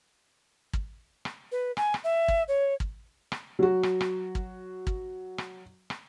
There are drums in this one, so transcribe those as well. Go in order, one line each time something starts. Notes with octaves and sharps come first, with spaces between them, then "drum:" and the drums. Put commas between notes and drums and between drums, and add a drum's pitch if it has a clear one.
drum: kick
drum: rim click
B4
G#5, drum: rim click
drum: rim click
E5
drum: kick
C#5
drum: kick
drum: rim click
F#3 F#4
drum: rim click
drum: rim click
drum: kick
drum: kick
drum: rim click
drum: rim click